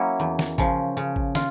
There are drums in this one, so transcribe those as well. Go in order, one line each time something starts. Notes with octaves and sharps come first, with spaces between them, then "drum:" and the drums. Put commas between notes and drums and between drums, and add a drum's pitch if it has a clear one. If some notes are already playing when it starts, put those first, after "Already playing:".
Already playing: F#3 A#3 C#4 E4
E2
drum: snare
C#3 F3, drum: kick G#1
C#3
drum: kick G#1
F4, drum: snare